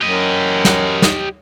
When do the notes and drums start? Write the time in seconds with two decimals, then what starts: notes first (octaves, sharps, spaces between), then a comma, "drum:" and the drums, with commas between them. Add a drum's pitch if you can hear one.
0.01 F#2 G4 D#5
0.65 drum: snare
1.02 drum: snare